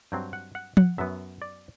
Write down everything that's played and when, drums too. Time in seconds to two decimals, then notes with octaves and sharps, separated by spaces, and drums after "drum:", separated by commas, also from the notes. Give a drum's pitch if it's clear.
0.12 G2 F#3 C4 G5
0.33 F#5
0.55 F#5
0.77 F#5, drum: tom F3
0.98 F#2 F#3 B3 E5
1.42 D5